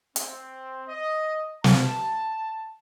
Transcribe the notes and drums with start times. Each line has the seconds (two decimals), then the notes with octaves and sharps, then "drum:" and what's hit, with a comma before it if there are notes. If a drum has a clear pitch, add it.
0.16 C4, drum: hi-hat
0.86 D#5
1.64 A5, drum: snare